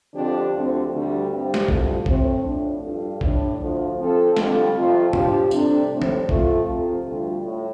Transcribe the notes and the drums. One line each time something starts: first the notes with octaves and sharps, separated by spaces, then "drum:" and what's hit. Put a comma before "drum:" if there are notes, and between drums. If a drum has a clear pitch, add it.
F2 D3 F3 D4 G4
D2 D3 F3 C4
D2 D3 G3
G2 G3 C4 G4
drum: snare
D2 C3 G3 F4 A4, drum: kick
A2 A3 C4, drum: kick
A2 F3 D4
G2 G3 D4 F4 A4
A2 A3 D4, drum: kick
D2 D3 F3
F3 C4 F4 A4
F2 D3 G3 F4 A4, drum: snare
F2 C3 F3 A3 F4
F3 D4 G4, drum: tom
C3 G3 D4 A4, drum: tambourine
A2 A3 C4
drum: tom
F3 A3 C4 F4, drum: kick
C3 F3 C4 F4 A4
D2 D3 G3 F4
A2